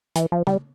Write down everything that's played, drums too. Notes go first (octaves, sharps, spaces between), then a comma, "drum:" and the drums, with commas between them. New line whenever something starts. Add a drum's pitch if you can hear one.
E3, drum: hi-hat
F3
G3, drum: tom